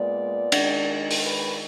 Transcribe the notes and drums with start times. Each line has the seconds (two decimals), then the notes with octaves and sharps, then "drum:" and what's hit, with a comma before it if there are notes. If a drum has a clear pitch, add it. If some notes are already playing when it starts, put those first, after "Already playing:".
Already playing: A#2 G#3 B3 D5
0.52 D#3 G#3 D4, drum: cymbal
1.11 drum: open hi-hat
1.22 B4